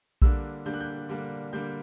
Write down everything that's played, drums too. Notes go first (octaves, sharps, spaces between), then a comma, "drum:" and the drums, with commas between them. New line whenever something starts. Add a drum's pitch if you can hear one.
D3 G3 A#3 D4 E6, drum: kick A#1
D3 G3 A#3 D4 G6
F#6
G6
D3 G3 A#3 D4
D3 G3 A#3 D4 G6